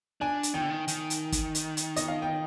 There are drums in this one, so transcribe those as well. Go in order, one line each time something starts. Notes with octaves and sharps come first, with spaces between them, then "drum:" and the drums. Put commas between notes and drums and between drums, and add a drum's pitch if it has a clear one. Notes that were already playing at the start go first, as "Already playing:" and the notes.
D4 G#5
drum: hi-hat
D#3 G5
D3
D#3
D#3, drum: hi-hat
drum: hi-hat
drum: kick, hi-hat
drum: hi-hat
drum: hi-hat
D#5, drum: hi-hat
F5
G5